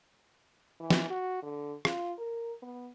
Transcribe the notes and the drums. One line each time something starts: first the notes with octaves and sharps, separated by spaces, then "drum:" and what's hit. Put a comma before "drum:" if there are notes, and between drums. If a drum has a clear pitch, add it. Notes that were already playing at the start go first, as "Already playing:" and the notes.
E3
drum: snare
F#4
D3
F4, drum: rim click
A#4
B3